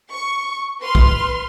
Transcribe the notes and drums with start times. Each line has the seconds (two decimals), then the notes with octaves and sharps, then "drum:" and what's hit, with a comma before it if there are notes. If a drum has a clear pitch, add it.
0.12 C#6
0.81 B4 C6 F6
0.95 drum: kick B1